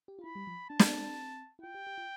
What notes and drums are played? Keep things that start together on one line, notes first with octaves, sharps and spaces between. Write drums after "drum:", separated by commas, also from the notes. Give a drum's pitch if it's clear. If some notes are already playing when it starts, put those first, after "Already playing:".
G4
F4
E4 B5
G3
F3
D4 A5
C4, drum: snare
B3
C4
E4
F4 G5
G4
G4
F4